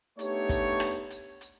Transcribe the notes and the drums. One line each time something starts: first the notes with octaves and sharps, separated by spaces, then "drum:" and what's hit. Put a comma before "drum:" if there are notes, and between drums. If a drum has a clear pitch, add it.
A3 B3 D4 D#4 G4 C#5, drum: hi-hat
drum: kick, hi-hat
drum: rim click
drum: hi-hat
drum: hi-hat